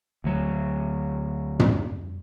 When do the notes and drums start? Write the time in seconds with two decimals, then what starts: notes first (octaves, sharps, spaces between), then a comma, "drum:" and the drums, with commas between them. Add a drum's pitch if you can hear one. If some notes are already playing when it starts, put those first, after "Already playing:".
0.24 D2 F#3
1.59 drum: tom